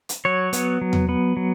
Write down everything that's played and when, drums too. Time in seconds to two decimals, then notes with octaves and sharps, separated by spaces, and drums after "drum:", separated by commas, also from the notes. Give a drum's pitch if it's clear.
0.09 drum: hi-hat
0.25 F#3 C#5
0.53 B3, drum: hi-hat
0.81 F#3
0.93 drum: tom E2
1.09 B3
1.37 F#3